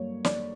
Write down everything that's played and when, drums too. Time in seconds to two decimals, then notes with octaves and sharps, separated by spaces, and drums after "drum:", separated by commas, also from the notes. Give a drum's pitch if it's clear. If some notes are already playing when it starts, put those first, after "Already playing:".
Already playing: G2 F#3 A#3 C#5
0.25 D5, drum: snare